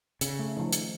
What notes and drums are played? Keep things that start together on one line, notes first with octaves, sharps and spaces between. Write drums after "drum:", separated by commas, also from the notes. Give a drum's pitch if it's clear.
C#3, drum: hi-hat
A3
D#3 F3
drum: hi-hat